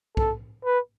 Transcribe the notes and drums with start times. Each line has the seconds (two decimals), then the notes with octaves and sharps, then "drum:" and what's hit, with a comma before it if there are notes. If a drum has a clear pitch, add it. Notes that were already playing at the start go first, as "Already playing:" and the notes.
0.17 A4, drum: kick
0.65 B4